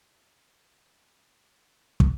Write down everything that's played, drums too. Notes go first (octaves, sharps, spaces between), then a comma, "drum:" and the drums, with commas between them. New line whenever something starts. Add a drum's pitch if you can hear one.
D#5
C5
drum: kick